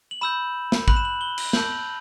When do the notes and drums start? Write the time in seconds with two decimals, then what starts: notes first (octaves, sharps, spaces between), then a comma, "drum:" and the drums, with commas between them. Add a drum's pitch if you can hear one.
0.11 F#7
0.21 B5 E6 G6 E7
0.72 drum: snare
0.88 B5 F#6 F#7, drum: kick
0.96 E7
1.05 F#7
1.21 G7
1.38 drum: cymbal
1.53 A5 E6 G6 F#7, drum: snare